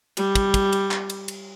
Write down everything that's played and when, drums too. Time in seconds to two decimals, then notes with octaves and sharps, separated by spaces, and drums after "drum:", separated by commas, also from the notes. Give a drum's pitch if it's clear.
0.17 G3, drum: cymbal
0.35 drum: kick, cymbal
0.54 drum: kick, cymbal
0.73 drum: cymbal
0.91 drum: clap
1.10 drum: cymbal
1.28 drum: cymbal